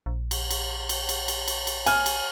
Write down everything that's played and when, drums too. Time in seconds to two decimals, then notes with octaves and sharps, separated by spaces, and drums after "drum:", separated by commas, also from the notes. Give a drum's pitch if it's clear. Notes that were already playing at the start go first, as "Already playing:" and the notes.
0.06 A#1
0.31 drum: cymbal
0.51 drum: cymbal
0.89 drum: cymbal
1.09 drum: cymbal
1.28 drum: cymbal
1.48 drum: cymbal
1.67 drum: cymbal
1.86 G#5 F6, drum: cymbal
2.06 drum: cymbal